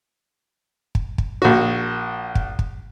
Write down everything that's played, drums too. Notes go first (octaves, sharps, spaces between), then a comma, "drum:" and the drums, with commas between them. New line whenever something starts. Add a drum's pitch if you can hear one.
drum: kick
drum: kick
A#1 F#4
drum: kick
drum: kick